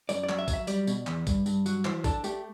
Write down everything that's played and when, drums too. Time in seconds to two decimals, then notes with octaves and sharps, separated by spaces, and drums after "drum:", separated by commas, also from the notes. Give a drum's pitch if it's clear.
0.09 F#2 D5, drum: tambourine
0.23 D5
0.29 F#3, drum: clap
0.39 E5
0.48 F#3, drum: kick A1, tambourine
0.53 E5
0.67 G3 D5, drum: tambourine
0.87 B2, drum: tambourine
1.07 E2, drum: clap
1.27 G2, drum: kick A1, tambourine
1.46 G2, drum: tambourine
1.66 F#3, drum: tambourine
1.85 E3 C5, drum: clap
2.04 D4 A4, drum: kick A1, tambourine
2.24 A3 G4, drum: tambourine